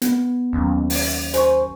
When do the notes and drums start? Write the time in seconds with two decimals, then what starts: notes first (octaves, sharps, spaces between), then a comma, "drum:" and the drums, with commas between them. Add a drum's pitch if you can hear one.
0.02 B3, drum: hi-hat
0.53 D#2 F#3 C#4
0.90 drum: open hi-hat
1.34 C5 G#5 C#6, drum: hi-hat